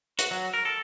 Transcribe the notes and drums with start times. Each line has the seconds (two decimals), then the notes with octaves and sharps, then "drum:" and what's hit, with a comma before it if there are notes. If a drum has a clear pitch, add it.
0.19 F#4, drum: hi-hat
0.31 F#3
0.54 A#4
0.65 A4